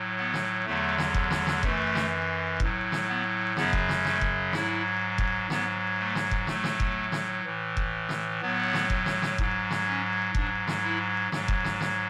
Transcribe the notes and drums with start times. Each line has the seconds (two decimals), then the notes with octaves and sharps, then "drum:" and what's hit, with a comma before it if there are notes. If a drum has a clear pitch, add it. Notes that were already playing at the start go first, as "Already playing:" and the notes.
Already playing: A2 F#3
0.18 B3
0.34 drum: snare
0.66 E2 D3 F#3 A3
0.98 drum: snare
1.14 drum: kick F1
1.31 drum: snare
1.47 drum: snare
1.63 F#2 E3 A3, drum: kick F1
1.95 drum: snare
2.60 A2 F#3, drum: kick F1
2.92 drum: snare
3.08 B3
3.57 F#2 C#3 F#3 B3, drum: snare
3.73 drum: kick F1
3.89 drum: snare
4.05 A3, drum: snare
4.21 drum: kick F1
4.53 G#2 F#3 E4, drum: snare
5.18 drum: kick F1
5.50 G#2 F#3 B3, drum: snare
6.00 A3
6.15 drum: snare
6.31 drum: kick F1
6.47 A2 F#3 A3, drum: snare
6.64 drum: snare
6.80 drum: kick F1
7.12 drum: snare
7.44 A2 E3
7.77 drum: kick F1
8.09 drum: snare
8.42 A2 F#3 B3
8.74 drum: snare
8.90 drum: kick F1
9.06 drum: snare
9.22 drum: snare
9.38 G#2 F#3, drum: kick F1
9.71 drum: snare
9.87 C#4
10.35 G#2 F#3 D4, drum: kick F1
10.68 drum: snare
10.84 E4
11.32 G#2 F#3, drum: snare
11.48 drum: kick F1
11.64 drum: snare
11.81 drum: snare